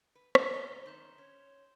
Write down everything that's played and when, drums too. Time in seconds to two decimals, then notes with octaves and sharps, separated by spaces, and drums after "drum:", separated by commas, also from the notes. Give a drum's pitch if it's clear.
0.15 B4
0.35 A#3 D#4, drum: rim click
0.54 B2 G#3 F4 A#5 G7
0.86 F#2 D#3 C6 G6 E7
1.18 C#4 C#5